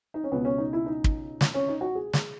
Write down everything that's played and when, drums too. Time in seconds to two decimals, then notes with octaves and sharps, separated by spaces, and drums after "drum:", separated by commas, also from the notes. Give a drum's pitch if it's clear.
0.14 D#4
0.24 C#4
0.32 C#2 B2 B3
0.45 C#4
0.58 D#4
0.73 E4
0.86 D#4
1.04 drum: kick
1.41 drum: snare
1.54 C#4
1.68 D#4
1.81 F#4
1.95 G#4
2.13 drum: snare